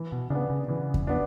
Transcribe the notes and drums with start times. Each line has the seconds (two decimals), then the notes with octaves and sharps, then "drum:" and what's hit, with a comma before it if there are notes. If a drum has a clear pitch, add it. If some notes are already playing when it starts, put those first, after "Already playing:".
Already playing: E3
0.12 B2
0.30 C#3 B3 D4
0.50 C#3
0.68 C#3 E3
0.94 drum: kick E2
1.07 B3 D4